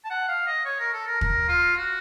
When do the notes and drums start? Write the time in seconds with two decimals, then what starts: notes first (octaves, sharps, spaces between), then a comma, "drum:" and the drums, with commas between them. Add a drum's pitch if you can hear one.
0.05 A5
0.10 F#5
0.28 F5
0.46 D#5
0.65 C#5
0.79 A#4
0.93 A4
1.07 A#4
1.21 A#4, drum: kick
1.48 F4
1.77 F#4